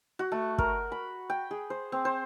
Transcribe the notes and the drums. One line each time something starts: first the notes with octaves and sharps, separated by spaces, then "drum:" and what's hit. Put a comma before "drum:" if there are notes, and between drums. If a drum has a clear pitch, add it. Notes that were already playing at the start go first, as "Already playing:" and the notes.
F#4
A3
A#4, drum: kick
B5
G5
G#4
C5
C4
C5